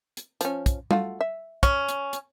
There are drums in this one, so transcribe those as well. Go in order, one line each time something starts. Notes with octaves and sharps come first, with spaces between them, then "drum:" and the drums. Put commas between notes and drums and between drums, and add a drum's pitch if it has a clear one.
drum: hi-hat
F3 C#4, drum: hi-hat
drum: kick, hi-hat
A3 F4 F#4, drum: tom G3
E5
C#4, drum: kick, hi-hat
drum: hi-hat
drum: hi-hat